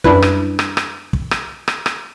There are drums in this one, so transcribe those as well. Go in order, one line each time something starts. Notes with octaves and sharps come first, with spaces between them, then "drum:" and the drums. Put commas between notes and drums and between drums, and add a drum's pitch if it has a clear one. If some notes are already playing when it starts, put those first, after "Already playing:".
F#2 G3 D4 E4 B4, drum: kick
drum: rim click
drum: rim click
drum: rim click
drum: kick
drum: rim click
drum: rim click
drum: rim click